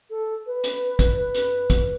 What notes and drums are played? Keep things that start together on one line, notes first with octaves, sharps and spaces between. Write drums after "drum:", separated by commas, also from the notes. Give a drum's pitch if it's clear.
A4
B4
drum: hi-hat
drum: kick, hi-hat
drum: hi-hat
drum: kick, hi-hat